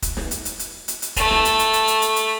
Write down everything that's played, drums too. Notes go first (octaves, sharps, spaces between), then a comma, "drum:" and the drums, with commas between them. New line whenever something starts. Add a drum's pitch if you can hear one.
drum: kick, hi-hat
drum: snare
drum: hi-hat
drum: hi-hat
drum: hi-hat
drum: hi-hat
drum: hi-hat
A3, drum: kick, hi-hat
drum: snare
drum: hi-hat
drum: hi-hat
drum: hi-hat
drum: hi-hat
drum: hi-hat
drum: hi-hat